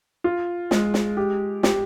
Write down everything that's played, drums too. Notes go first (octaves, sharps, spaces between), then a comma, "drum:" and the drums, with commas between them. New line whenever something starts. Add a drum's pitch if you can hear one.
F4
G#3, drum: snare
drum: snare
G4
G4, drum: snare